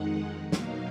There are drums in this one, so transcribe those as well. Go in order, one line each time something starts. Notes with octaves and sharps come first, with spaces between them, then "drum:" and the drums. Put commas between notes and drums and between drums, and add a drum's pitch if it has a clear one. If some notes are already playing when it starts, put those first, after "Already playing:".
Already playing: F2 D#3 G#3 D#4 F#5
B2 F#3 A#3 D#4 F5, drum: snare